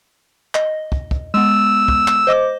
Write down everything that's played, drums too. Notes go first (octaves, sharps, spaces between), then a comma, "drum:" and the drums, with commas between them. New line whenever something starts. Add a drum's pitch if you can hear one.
D#5, drum: clap
drum: kick
drum: kick
G#3 B3 E6
drum: kick
drum: clap
C5 D#5 D6